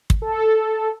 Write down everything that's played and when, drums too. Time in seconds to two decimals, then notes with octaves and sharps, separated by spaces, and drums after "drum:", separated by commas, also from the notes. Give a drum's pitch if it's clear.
0.10 drum: kick
0.22 A4